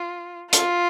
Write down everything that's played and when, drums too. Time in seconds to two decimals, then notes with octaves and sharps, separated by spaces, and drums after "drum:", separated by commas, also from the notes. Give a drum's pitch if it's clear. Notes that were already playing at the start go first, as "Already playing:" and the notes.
Already playing: F4
0.53 F4, drum: hi-hat